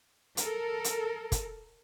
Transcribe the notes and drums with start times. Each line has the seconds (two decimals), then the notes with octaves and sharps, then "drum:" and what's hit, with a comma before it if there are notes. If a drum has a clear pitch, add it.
0.37 A4 A#4, drum: hi-hat
0.84 drum: hi-hat
1.32 drum: kick, hi-hat